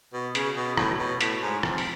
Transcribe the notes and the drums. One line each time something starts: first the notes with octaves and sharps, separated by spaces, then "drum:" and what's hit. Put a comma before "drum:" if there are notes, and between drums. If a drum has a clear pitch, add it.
B2
C#3, drum: hi-hat
B2
A2, drum: rim click
B2
A2, drum: hi-hat
G#2
F2, drum: rim click
drum: open hi-hat